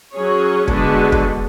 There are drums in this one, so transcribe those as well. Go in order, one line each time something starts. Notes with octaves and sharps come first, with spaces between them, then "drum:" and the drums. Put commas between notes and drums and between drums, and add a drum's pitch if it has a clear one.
F#3 C#4 G#4 C#5
D3 G#3 B3 D4 F#4, drum: kick
drum: kick